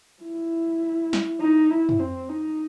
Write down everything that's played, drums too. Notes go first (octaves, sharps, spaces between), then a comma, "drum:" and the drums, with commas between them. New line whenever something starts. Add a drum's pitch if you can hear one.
E4
drum: snare
D#4
E4
drum: tom
C4
D#4